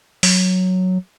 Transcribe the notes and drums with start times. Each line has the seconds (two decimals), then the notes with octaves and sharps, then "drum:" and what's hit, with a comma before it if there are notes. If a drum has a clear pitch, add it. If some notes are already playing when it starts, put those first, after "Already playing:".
0.23 F#3, drum: open hi-hat